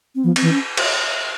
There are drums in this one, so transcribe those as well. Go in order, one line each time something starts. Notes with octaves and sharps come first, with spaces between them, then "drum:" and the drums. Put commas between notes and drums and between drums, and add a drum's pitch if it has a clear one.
C4
F3 B3
C4, drum: cymbal
E3
C#4
drum: cymbal